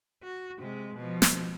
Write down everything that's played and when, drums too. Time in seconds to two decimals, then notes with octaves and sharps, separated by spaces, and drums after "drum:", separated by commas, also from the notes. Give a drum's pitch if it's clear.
0.24 F#4
0.59 C3 G#3
0.95 B2 F3
1.22 drum: snare